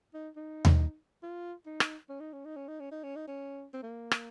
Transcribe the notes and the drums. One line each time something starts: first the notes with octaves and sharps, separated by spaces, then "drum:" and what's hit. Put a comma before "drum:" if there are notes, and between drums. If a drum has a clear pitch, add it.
D#4
D#4
drum: tom D#2
F4
D#4
drum: rim click
C#4
D#4
C#4
D#4
C#4
D#4
C#4
D#4
C#4
D#4
C#4
C4
A#3
drum: rim click